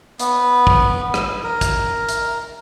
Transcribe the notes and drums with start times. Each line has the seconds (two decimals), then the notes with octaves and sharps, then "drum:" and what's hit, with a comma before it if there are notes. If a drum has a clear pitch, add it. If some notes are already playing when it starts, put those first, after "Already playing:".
0.19 B3, drum: hi-hat
0.67 drum: kick
1.14 drum: rim click
1.44 A#4
1.61 drum: kick, hi-hat
2.09 drum: hi-hat